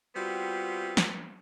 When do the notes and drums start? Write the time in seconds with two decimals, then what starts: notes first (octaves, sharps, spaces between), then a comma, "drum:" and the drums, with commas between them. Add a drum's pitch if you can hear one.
0.15 G3 B3 C4 F4 F#4
0.97 drum: snare